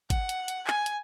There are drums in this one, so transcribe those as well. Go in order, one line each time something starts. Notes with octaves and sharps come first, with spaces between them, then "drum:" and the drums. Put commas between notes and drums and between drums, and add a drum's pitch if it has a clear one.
F#5, drum: kick, hi-hat
drum: hi-hat
drum: hi-hat
G#5, drum: clap
drum: hi-hat